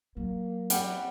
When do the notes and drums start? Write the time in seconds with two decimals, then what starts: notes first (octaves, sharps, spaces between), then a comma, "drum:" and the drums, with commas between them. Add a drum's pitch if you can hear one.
0.17 F#3 A#3
0.70 G3 F#5, drum: hi-hat